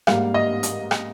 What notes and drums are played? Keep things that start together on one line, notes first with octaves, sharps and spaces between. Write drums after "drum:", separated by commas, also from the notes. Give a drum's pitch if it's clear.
G#2 G3 A#3 F5, drum: rim click
D#5
drum: hi-hat
drum: rim click